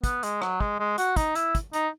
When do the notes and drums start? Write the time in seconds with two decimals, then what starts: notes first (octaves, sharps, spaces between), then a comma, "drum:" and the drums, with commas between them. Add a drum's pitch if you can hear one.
0.04 B3, drum: kick, hi-hat
0.23 G#3, drum: hi-hat
0.42 F#3, drum: rim click
0.60 G#3, drum: kick
0.79 G#3
0.98 F#4, drum: hi-hat
1.16 D#4, drum: kick, hi-hat
1.35 E4, drum: hi-hat
1.55 drum: kick, hi-hat
1.73 D#4, drum: hi-hat